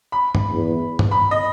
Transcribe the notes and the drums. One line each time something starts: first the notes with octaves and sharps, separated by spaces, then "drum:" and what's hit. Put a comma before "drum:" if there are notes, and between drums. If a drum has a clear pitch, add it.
B5
drum: tom
E2
drum: tom
B5
D#5